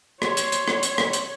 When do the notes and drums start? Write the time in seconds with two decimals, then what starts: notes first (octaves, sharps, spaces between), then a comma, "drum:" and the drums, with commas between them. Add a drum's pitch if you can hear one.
0.22 C#5 C6, drum: rim click
0.37 drum: hi-hat
0.52 drum: hi-hat
0.68 drum: rim click
0.83 drum: hi-hat
0.98 drum: rim click
1.13 drum: hi-hat